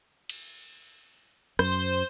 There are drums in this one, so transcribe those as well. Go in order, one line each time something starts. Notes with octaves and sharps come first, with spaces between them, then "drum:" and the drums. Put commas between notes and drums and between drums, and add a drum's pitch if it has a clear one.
drum: cymbal
F#2 C5, drum: rim click